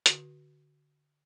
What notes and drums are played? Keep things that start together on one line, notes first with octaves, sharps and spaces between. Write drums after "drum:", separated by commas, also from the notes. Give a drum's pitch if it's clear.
D3 F#4, drum: hi-hat